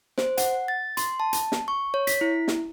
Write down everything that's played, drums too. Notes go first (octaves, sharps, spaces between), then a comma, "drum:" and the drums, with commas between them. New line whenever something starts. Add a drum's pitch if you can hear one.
C5, drum: snare
F#5, drum: hi-hat
A6
C6, drum: hi-hat
A5
drum: hi-hat
drum: snare
C#6
C#5
B6, drum: hi-hat
E4
drum: snare